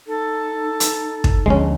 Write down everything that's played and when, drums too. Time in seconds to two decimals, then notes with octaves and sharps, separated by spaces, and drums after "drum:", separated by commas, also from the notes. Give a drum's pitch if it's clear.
0.07 D#4 A4
0.80 drum: hi-hat
1.24 drum: kick
1.46 D2 D3 F3 G#3 C#4